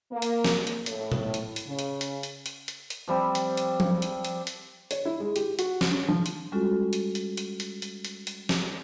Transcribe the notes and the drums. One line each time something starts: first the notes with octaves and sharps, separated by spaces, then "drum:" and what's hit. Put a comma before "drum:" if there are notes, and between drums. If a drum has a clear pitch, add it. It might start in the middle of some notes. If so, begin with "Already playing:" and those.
A#3
drum: hi-hat
drum: snare
drum: hi-hat
A2, drum: hi-hat
drum: tom A2
drum: hi-hat
drum: hi-hat
C#3
drum: hi-hat
drum: hi-hat
drum: hi-hat
drum: hi-hat
drum: hi-hat
drum: hi-hat
F3 G3 C4
drum: hi-hat
drum: hi-hat
drum: tom F3
drum: hi-hat
drum: hi-hat
drum: hi-hat
C#5, drum: hi-hat
E4
G#3
G4, drum: hi-hat
F#4, drum: hi-hat
drum: snare
C#4
F3
drum: hi-hat
G3 G#3 C#4 F4 F#4 A4
drum: hi-hat
drum: hi-hat
drum: hi-hat
drum: hi-hat
drum: hi-hat
drum: hi-hat
drum: hi-hat
drum: snare